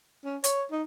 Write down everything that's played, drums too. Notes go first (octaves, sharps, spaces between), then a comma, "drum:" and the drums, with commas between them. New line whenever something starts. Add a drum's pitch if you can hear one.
C#4
C#5, drum: hi-hat
D#4